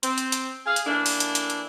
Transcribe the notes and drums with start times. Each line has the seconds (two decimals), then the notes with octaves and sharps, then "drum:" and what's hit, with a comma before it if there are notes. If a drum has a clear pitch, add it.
0.03 C4, drum: hi-hat
0.18 drum: hi-hat
0.32 drum: hi-hat
0.66 G#4 F5
0.76 drum: hi-hat
0.86 E3 A3 A#3 D4
1.06 drum: open hi-hat
1.20 drum: hi-hat
1.35 drum: hi-hat
1.50 drum: hi-hat